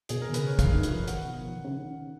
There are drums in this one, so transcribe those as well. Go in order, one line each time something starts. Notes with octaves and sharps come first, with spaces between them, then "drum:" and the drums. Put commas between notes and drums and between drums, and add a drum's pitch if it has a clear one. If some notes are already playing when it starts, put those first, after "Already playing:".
B2 G#4, drum: hi-hat
A#4
D#3
C#3 B4, drum: hi-hat
C#5
D#3 F5, drum: kick, hi-hat
C#3
D#3
F3, drum: hi-hat
D#3 F#5, drum: hi-hat
B2
F3
D#3
C#3
D#3